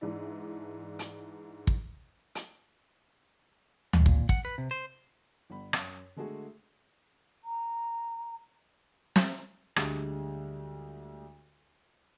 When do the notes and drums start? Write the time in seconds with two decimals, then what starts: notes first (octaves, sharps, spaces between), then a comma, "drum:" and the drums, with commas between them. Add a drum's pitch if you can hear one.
0.01 G#2 E3 D4 E4
0.99 drum: hi-hat
1.67 drum: kick
2.35 drum: hi-hat
3.93 drum: tom D2
4.06 A#2, drum: kick
4.29 F#5, drum: kick
4.45 B4
4.58 C3
4.71 C5
5.50 G1 B5
5.73 F#2, drum: rim click
6.16 D3 G#3 A3 F#4 G#4
7.44 A#5
9.16 drum: snare
9.76 D2 D3 G3 G#3, drum: rim click